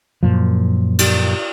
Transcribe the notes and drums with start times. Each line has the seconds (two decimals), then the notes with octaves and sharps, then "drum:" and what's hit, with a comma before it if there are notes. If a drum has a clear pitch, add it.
0.23 F#2 A#2 F3
0.99 drum: cymbal